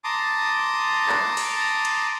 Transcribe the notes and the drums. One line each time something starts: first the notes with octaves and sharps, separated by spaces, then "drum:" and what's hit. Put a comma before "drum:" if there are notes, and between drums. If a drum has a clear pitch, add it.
A5 A#5 C6 D6 D#6
drum: clap
drum: cymbal
drum: cymbal